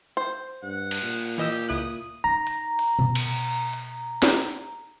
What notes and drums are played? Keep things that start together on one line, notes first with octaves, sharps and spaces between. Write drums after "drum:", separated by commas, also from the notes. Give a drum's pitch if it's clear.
C5
G2 F#5
drum: cymbal
A#2
E3 G4 D#5 E6
C#2 E4 D#6 F#6
D#4 A#5
drum: hi-hat
drum: open hi-hat
B2
drum: cymbal
drum: hi-hat
drum: snare